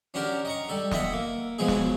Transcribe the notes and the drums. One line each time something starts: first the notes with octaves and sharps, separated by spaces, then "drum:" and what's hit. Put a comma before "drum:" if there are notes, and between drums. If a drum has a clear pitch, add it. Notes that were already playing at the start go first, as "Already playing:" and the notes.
C#4 D4 F#4 G4 A#4
D#5 A#5 C#6
G3 A4
D#5 E5 F#5, drum: snare
A#3
B2 F3 F#3 G#3 G#4
drum: snare